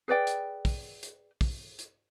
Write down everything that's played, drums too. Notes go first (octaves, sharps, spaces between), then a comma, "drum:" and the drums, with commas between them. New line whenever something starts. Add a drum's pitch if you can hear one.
G#4 B4 D5 G5
drum: hi-hat
drum: kick, open hi-hat
drum: hi-hat
drum: kick, open hi-hat
drum: hi-hat